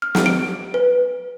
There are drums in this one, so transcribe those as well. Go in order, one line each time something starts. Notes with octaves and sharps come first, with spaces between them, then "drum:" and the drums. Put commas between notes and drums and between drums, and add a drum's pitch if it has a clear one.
F6
drum: snare
D7
B4